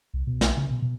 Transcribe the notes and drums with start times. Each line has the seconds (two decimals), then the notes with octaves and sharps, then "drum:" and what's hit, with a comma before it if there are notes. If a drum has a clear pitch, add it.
0.14 C2
0.27 B2
0.41 B1, drum: snare
0.57 C#3
0.71 B2
0.82 B2